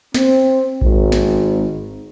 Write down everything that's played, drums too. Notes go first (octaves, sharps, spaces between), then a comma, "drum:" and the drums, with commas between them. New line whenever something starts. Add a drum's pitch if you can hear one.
C4, drum: snare
G#1, drum: kick A#1
drum: snare